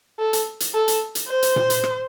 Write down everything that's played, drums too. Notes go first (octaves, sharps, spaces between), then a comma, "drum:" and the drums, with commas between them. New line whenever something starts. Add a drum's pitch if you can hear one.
A4
drum: hi-hat
drum: hi-hat
A4
drum: hi-hat
drum: hi-hat
C5
drum: hi-hat
drum: tom A#2
drum: hi-hat
drum: rim click